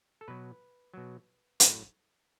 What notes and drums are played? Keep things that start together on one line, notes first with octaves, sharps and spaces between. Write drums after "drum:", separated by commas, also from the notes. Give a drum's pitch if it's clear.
A4
B2 F#3 B4
B2 F#3
A2 F#3, drum: hi-hat